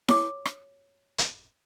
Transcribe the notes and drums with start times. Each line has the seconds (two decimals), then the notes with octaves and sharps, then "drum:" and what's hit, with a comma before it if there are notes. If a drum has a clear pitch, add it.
0.08 C#5 D6, drum: snare E4
0.45 drum: rim click
1.18 drum: hi-hat